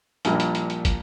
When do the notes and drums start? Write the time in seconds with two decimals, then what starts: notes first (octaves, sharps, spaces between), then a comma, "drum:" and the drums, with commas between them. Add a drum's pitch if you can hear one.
0.25 A#1 A#2 G3 E4 A#4, drum: hi-hat
0.40 drum: hi-hat
0.55 drum: hi-hat
0.70 drum: hi-hat
0.85 drum: kick, hi-hat